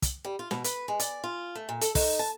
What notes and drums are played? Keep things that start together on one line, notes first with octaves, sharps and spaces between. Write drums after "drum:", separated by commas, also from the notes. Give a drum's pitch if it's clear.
drum: kick, hi-hat
G3
F4
B2, drum: snare
B4, drum: hi-hat
G#3
D5, drum: hi-hat
F4
A3
A#2
A4, drum: hi-hat
D#4, drum: kick, open hi-hat
A5